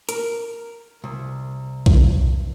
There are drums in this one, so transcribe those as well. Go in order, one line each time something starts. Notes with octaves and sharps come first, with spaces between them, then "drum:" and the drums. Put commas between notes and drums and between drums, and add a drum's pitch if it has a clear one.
A#4, drum: hi-hat
C2
drum: kick B1